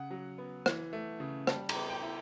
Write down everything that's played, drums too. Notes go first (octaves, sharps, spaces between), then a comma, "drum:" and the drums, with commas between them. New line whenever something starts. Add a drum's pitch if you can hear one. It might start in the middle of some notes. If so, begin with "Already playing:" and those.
Already playing: C#3 F#5
F#3
B3
E3, drum: rim click
A3
C#3
G3 A5, drum: rim click
A#5, drum: cymbal
B3
G5
E4